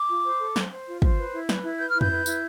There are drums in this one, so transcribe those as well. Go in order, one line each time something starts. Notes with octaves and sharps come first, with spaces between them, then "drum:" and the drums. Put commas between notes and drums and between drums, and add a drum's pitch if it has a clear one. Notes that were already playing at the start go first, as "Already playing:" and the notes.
Already playing: D6
F4
C5
A4
C5, drum: snare
C5
F4
C5, drum: kick
B4
E4
B4, drum: snare
E4
B4 G6
E4 F6
G6, drum: tom F2
B4
E4, drum: tambourine